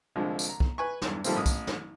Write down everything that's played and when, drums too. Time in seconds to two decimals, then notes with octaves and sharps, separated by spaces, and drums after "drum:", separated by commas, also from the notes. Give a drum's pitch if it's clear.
0.16 C2 D3 F3 G#3
0.39 drum: tambourine
0.49 A#5
0.60 drum: kick
0.78 B4 G#5 C#6
1.02 E2 G2, drum: snare
1.24 D#3 F3 G3 A3 A#3 C4, drum: tambourine
1.36 A1 D#6
1.46 drum: kick, tambourine
1.67 drum: snare